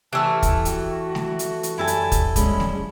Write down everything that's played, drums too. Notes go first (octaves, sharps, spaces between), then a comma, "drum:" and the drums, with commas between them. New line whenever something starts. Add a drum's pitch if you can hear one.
E3 A3 G4 A5 E6 F6
drum: kick, hi-hat
F#4 G5, drum: hi-hat
drum: snare A3
drum: hi-hat
drum: hi-hat
F#2 D3 E4 G4 A4 G#5
drum: hi-hat
drum: kick, hi-hat
G3 G#3 C#4 B5, drum: kick, hi-hat
drum: snare A3